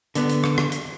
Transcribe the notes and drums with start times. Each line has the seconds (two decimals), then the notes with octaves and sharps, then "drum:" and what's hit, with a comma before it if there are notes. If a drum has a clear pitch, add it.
0.15 D3 B3, drum: hi-hat
0.30 drum: hi-hat
0.44 drum: rim click
0.58 drum: rim click
0.72 drum: hi-hat